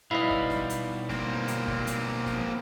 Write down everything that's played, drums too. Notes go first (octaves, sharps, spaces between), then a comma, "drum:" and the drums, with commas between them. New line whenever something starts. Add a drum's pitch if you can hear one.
B2 G3 D#4 E4 B4 C#5 D#5 F5
drum: kick
drum: snare
drum: hi-hat
A#3 C4, drum: snare
drum: hi-hat
drum: kick
drum: hi-hat
drum: snare